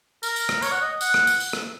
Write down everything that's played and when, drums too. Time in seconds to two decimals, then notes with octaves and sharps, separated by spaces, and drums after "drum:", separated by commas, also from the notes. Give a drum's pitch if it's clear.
0.23 A#4, drum: tambourine
0.36 drum: tambourine
0.49 drum: rim click
0.62 C#5, drum: tambourine
0.72 F#5
0.82 D#5
1.01 F#5, drum: tambourine
1.14 drum: rim click
1.27 drum: tambourine
1.40 drum: tambourine
1.53 drum: rim click